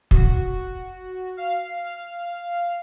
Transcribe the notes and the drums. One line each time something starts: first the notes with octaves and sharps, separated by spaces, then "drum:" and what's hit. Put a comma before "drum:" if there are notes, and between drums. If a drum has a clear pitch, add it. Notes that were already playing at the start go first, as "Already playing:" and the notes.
F#4, drum: kick
F5